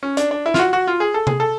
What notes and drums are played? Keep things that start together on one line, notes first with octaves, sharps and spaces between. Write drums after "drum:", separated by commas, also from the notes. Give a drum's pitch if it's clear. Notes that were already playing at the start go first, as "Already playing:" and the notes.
C#4
D4, drum: hi-hat
D4
E4
F4, drum: snare
F#4
F#4
F4
G#4
A4
G#4, drum: tom C3
A4